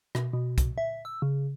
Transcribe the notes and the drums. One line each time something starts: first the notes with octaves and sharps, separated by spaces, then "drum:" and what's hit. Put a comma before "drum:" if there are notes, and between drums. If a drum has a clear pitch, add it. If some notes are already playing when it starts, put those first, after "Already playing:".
B2, drum: rim click
B2
drum: kick, hi-hat
E5
E6
C#3